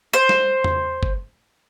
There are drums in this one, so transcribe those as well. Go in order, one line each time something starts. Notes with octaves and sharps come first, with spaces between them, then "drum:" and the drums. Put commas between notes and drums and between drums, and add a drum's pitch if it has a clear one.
C5
drum: snare
drum: tom E2
drum: kick